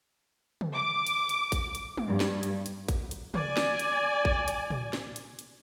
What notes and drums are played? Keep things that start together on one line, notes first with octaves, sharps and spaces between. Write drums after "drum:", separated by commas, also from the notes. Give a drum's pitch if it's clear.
drum: tom
D6
drum: hi-hat
drum: hi-hat
drum: kick, hi-hat
drum: hi-hat
drum: tom
G2
drum: snare
drum: hi-hat
drum: hi-hat
drum: kick, hi-hat
drum: hi-hat
D5 G#5, drum: tom
drum: snare
drum: hi-hat
drum: kick
drum: hi-hat
drum: tom
drum: snare
drum: hi-hat
drum: hi-hat